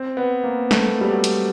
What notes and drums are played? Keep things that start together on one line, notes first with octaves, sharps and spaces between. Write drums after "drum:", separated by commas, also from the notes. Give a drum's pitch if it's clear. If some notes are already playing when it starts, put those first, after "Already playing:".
Already playing: C4
B3
A#3
A3, drum: snare
G3
F#3
drum: hi-hat